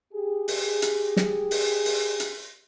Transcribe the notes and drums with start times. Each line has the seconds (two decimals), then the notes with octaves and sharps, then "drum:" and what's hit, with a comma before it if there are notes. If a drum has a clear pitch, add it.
0.13 G4 G#4
0.48 drum: open hi-hat
0.82 drum: hi-hat
1.17 drum: snare
1.51 drum: open hi-hat
1.85 drum: open hi-hat
2.20 drum: hi-hat